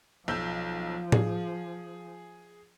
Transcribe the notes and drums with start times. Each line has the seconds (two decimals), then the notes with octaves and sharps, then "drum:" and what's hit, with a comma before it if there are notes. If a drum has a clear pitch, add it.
0.28 B1 F3 E6 G6
1.12 G#4, drum: tom A2